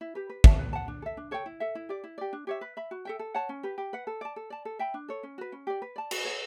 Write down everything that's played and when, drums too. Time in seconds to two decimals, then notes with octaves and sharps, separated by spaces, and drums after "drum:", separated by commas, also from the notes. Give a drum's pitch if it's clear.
0.01 E4
0.15 G4 B4
0.30 B4
0.44 E5 A5, drum: kick
0.58 B4
0.73 F#5 A5
0.88 D4
1.02 A4 E5
1.17 D4
1.31 A4 C#5 G5
1.46 E4
1.60 A4 E5
1.75 E4
1.89 G4 D5
2.04 E4
2.18 G4 D5
2.33 D4
2.47 G4 C#5 E5
2.61 B4
2.77 E5 B5
2.91 F#4
3.05 A4 E5 G5
3.19 A4
3.34 C#5 F#5 A5
3.49 C#4
3.63 G4 B4
3.78 G4
3.93 B4 F#5
4.07 A4
4.21 D5 A5
4.36 A4
4.50 D5 A5
4.65 A4
4.79 E5 G5 B5
4.94 D4
5.08 A4 C#5
5.23 C#4
5.38 F#4 B4
5.52 C#4
5.67 G4 D5
5.82 B4
5.96 D5 A5
6.11 F#4, drum: cymbal
6.25 C#5 F#5